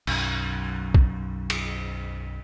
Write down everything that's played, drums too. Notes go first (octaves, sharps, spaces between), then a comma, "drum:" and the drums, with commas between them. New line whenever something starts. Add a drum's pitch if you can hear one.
B1 F#2, drum: cymbal
drum: kick
drum: cymbal